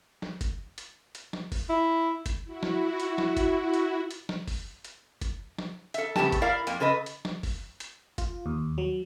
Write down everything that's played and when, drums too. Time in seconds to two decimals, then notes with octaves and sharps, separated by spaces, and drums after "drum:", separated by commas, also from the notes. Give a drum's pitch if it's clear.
0.22 drum: snare
0.41 drum: kick, hi-hat
0.78 drum: hi-hat
1.15 drum: hi-hat
1.33 drum: snare
1.52 drum: kick, open hi-hat
1.69 E4
2.26 drum: kick, hi-hat
2.44 E4 F#4
2.63 drum: snare
3.00 drum: hi-hat
3.18 drum: snare
3.37 drum: kick, hi-hat
3.74 drum: hi-hat
4.11 drum: hi-hat
4.29 drum: snare
4.48 drum: kick, open hi-hat
4.85 drum: hi-hat
5.21 drum: kick, hi-hat
5.58 drum: snare
5.94 A4 E5, drum: hi-hat
6.16 A2 C#3 B3 C4 G4 A5, drum: snare
6.32 drum: kick, hi-hat
6.42 E4 A#4 D5 F5
6.67 F2 A#3, drum: hi-hat
6.80 C#3 A4 B4 D#5
7.06 drum: hi-hat
7.25 drum: snare
7.43 drum: kick, open hi-hat
7.80 drum: hi-hat
8.18 F4, drum: kick, hi-hat
8.46 D#2
8.78 F#3